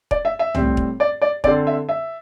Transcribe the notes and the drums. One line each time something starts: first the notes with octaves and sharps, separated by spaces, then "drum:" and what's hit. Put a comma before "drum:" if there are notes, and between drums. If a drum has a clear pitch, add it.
D5, drum: kick
E5
E5
A2 G3 C4, drum: tom C2
drum: kick
D5
D5
D3 C4 D5, drum: kick
E5
E5